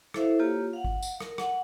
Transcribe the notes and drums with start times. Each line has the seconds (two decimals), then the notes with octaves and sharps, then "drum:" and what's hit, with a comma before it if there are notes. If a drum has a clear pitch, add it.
0.14 E4 A4 C5 E5 F5, drum: rim click
0.39 A#3 F4 G4 C#5
0.73 F5 F#5
0.85 drum: kick G#1
1.02 drum: tambourine
1.20 A#4, drum: rim click
1.38 F#5, drum: rim click